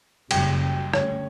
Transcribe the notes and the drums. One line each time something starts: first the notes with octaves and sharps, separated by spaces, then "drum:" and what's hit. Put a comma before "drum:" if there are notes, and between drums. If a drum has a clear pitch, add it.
F#1 F#2 C#3 G3 G5, drum: cymbal
G2 D3 A3 C#4 C#5, drum: rim click